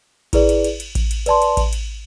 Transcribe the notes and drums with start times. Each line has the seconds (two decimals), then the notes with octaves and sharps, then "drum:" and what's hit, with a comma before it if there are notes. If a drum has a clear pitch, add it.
0.33 E4 G#4 B4 D5, drum: kick A1, cymbal
0.49 drum: cymbal
0.64 drum: cymbal
0.80 drum: cymbal
0.95 drum: kick A1, cymbal
1.11 drum: cymbal
1.26 B4 D5 A5 C6, drum: cymbal
1.42 drum: cymbal
1.57 drum: kick A1, cymbal
1.73 drum: cymbal